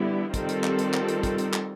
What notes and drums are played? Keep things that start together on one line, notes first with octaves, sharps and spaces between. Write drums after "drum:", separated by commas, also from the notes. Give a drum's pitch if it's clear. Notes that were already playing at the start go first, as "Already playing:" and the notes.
Already playing: D3 G3 B3 E4
D#3 G3 C4 F4 A4, drum: kick, hi-hat
drum: hi-hat
drum: clap
drum: hi-hat
drum: clap
drum: hi-hat
drum: kick, hi-hat
drum: hi-hat
drum: clap